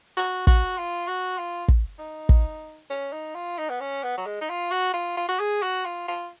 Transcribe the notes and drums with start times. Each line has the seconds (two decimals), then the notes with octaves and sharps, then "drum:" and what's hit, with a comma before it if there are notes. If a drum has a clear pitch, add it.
0.17 F#4
0.47 F#4, drum: kick
0.78 F4
1.08 F#4
1.38 F4
1.68 drum: kick
1.99 D#4
2.29 drum: kick
2.90 C#4
3.12 D#4
3.35 F4
3.58 D#4
3.69 B3
3.80 C#4
4.03 B3
4.17 F#3
4.26 G#3
4.41 D#4
4.49 F4
4.71 F#4
4.94 F4
5.17 F4
5.28 F#4
5.40 G#4
5.62 F#4
5.85 F4
6.08 F4